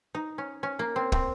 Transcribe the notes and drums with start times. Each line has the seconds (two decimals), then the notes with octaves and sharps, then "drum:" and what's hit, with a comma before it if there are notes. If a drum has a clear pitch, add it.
0.15 D#4
0.38 C#4
0.63 C#4
0.79 A#3
0.96 C4
1.12 C4, drum: kick